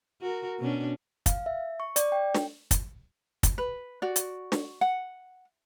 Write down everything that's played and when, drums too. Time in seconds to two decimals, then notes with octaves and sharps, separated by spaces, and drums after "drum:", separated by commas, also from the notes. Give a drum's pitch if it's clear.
0.21 F#4 A#4
0.59 B2 C#4 D4
1.26 F5, drum: kick, hi-hat
1.46 E5
1.80 C#6
1.96 D5, drum: hi-hat
2.12 G5
2.35 drum: snare
2.71 drum: kick, hi-hat
3.43 drum: kick, hi-hat
3.58 B4
4.02 F#4 D5
4.16 drum: hi-hat
4.52 drum: snare
4.81 F#5